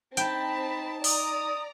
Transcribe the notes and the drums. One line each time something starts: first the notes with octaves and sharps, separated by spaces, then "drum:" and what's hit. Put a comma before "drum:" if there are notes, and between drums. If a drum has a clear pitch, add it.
C4 D#4 G5 A5 B5, drum: hi-hat
D5 A#5 D#6, drum: open hi-hat